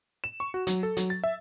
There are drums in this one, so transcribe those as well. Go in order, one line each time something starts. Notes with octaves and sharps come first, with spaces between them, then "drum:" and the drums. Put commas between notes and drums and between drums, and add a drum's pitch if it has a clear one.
E7
C#6
F#4
F#3, drum: hi-hat
A4
F#3, drum: hi-hat
A6
E5